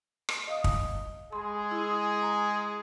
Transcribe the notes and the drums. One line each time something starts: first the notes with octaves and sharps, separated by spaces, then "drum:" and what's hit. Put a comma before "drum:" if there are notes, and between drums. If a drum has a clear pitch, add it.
drum: rim click
D#5 F5 D#6
drum: kick
G#3 G#4 B5 C6
E4
A#5